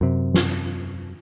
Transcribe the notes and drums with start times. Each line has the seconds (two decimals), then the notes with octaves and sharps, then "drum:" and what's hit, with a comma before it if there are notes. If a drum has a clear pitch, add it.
0.01 F#2 C3
0.34 drum: snare